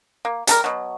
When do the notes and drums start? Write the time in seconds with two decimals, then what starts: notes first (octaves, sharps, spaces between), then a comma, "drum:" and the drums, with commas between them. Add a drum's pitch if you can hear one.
0.25 A#3
0.47 G3 A4 A#4, drum: hi-hat
0.64 B2 F#3